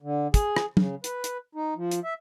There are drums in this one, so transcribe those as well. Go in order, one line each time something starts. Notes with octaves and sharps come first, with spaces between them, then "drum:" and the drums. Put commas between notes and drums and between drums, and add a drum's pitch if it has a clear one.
D3
G#4, drum: kick, hi-hat
drum: rim click
C#3, drum: tom
B4, drum: hi-hat
drum: hi-hat
D#4
F3
drum: hi-hat
E5